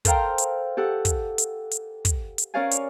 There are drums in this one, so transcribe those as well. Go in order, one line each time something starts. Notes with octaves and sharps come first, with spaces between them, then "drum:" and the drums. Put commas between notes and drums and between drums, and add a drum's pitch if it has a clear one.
A4 A#4 C5 F5 G5 A#5, drum: kick, hi-hat
drum: hi-hat
G4 A4 F#5
drum: kick, hi-hat
drum: hi-hat
drum: hi-hat
drum: kick, hi-hat
drum: hi-hat
C#4 A#4 C#5 D5 F5 G#5
drum: hi-hat